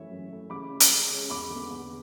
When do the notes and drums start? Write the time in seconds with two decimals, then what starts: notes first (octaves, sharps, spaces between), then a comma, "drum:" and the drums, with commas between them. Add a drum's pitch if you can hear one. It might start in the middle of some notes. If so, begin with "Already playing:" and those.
Already playing: F#2 E3 A3 C#4 C#5 E5
0.11 F#2
0.30 E3 A3 C#4
0.50 C#3 B5 D6
0.70 G#3 C#4
0.80 drum: hi-hat
0.91 C#3
1.11 G#3 C#4
1.30 E2 B5 D6
1.50 D3 G#3 B3
1.71 E2